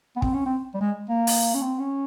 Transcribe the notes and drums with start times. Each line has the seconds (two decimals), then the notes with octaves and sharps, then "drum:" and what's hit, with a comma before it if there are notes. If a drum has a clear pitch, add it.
0.16 B3
0.22 C4, drum: kick
0.34 C#4
0.46 C4
0.74 G3
0.81 G#3
1.10 A#3
1.27 drum: open hi-hat
1.54 C#4
1.62 C4
1.79 C#4